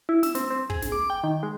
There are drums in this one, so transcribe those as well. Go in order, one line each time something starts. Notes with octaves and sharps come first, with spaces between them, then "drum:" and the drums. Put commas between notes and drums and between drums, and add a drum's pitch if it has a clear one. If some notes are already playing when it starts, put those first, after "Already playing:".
E4
E6, drum: snare
C4, drum: snare
C4
G#4, drum: kick
drum: snare
D6
G5
D#3
G#3